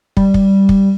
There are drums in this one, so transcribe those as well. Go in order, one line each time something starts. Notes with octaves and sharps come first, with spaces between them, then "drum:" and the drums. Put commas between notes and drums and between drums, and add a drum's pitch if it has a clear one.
G3, drum: kick
drum: kick
drum: kick